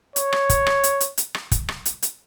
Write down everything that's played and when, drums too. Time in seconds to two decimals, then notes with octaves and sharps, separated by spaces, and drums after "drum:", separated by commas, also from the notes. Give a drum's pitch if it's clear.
0.16 C#5, drum: hi-hat
0.33 drum: rim click
0.50 drum: kick, hi-hat
0.67 drum: rim click
0.84 drum: hi-hat
1.01 drum: hi-hat
1.18 drum: hi-hat
1.35 drum: rim click
1.52 drum: kick, hi-hat
1.68 drum: rim click
1.85 drum: hi-hat
2.02 drum: hi-hat